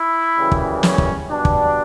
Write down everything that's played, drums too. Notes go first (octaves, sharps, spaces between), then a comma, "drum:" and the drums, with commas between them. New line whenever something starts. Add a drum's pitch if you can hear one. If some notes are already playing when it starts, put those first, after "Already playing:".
Already playing: E4
F#2 C#3 E3 G3
drum: kick
C#4, drum: snare
drum: kick
B2 G3 D4
drum: kick